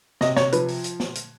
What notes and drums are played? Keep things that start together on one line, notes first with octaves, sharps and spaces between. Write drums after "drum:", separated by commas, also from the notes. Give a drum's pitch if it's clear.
C3 D#5, drum: snare
C#5, drum: snare
F3 B4, drum: hi-hat
drum: open hi-hat
drum: hi-hat
drum: snare
drum: hi-hat